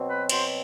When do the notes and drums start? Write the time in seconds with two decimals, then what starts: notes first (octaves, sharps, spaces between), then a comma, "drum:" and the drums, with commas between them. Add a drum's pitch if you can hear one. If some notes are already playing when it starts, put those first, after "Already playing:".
Already playing: B2 F#3 C4
0.09 B4
0.29 B2 F#3 C4 C5, drum: cymbal